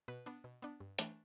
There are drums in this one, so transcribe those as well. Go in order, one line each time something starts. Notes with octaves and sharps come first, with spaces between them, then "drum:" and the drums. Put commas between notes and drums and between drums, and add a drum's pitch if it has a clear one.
B2 B4
B3 D4
B2
B3 D4
G2
E3 A3 D4, drum: hi-hat